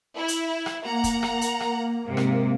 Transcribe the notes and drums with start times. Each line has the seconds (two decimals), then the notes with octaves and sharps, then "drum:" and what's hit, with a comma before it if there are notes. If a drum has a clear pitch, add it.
0.15 E4
0.28 drum: hi-hat
0.66 drum: rim click
0.85 A#3 F#5 A#5
1.04 drum: kick, hi-hat
1.23 drum: rim click
1.41 drum: hi-hat
1.60 drum: rim click
2.04 G#2 C3
2.17 drum: rim click